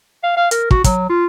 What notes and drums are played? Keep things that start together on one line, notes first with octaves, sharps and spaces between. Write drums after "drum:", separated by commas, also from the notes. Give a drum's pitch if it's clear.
F5
F5
A#4, drum: hi-hat
F#4, drum: kick
F#3, drum: kick, hi-hat
F4